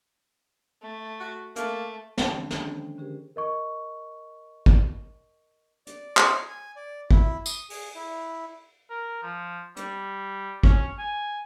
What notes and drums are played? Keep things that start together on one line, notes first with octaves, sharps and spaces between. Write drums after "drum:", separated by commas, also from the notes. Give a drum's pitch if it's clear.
A3
F#4
A3 A#3, drum: hi-hat
D3 E3 F3 G#3 C#4 D4, drum: snare
D#3 A#3 C#4 D4 A4, drum: snare
C5 G5
D3 C#4 G4 G#4 A#4 C5
A#4 D#5 C#6
drum: kick
D5, drum: hi-hat
F6, drum: clap
G#5
D5
E4, drum: kick
D#6, drum: tambourine
G#4, drum: open hi-hat
E4
A#4
F3
G3, drum: hi-hat
C#4, drum: kick
G#5